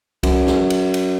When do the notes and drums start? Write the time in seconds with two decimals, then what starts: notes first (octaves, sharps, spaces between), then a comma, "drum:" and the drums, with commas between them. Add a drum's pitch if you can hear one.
0.23 F#2, drum: kick C2, cymbal
0.47 drum: snare
0.70 drum: cymbal
0.94 drum: cymbal